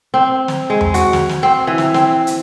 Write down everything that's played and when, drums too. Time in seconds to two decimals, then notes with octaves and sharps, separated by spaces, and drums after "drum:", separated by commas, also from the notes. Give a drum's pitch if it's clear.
0.14 C4
0.48 drum: snare
0.70 G#3
0.81 drum: tom E2
0.94 F#4, drum: hi-hat
1.13 drum: snare
1.29 drum: snare
1.43 C4
1.67 E3
1.78 drum: snare
1.94 C4, drum: snare
2.27 drum: hi-hat